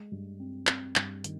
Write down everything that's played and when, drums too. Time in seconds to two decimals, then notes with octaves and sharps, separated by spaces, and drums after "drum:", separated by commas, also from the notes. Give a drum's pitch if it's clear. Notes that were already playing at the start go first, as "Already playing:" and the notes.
Already playing: G#3
0.12 G2
0.40 C4
0.67 C4, drum: clap
0.96 G2, drum: clap
1.24 D#3, drum: hi-hat